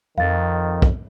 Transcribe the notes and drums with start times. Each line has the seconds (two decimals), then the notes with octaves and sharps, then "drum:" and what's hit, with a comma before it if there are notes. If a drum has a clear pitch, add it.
0.18 F2 D#3 F5 A6
0.82 drum: kick